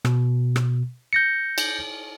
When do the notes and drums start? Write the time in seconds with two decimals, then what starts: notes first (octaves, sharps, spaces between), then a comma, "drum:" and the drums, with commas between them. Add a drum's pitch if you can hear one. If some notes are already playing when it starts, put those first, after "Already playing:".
0.05 B2, drum: rim click
0.56 drum: rim click
1.13 G6 A#6 C#7
1.58 drum: cymbal